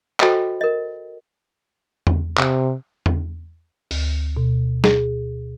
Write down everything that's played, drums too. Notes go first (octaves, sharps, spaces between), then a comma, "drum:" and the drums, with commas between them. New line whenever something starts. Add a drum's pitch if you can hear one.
F#4 A4 C5 D#5 G5 B5, drum: clap
A#4 D#5
drum: tom E2
C3, drum: clap
drum: tom E2
D2, drum: open hi-hat
B2
G#4, drum: snare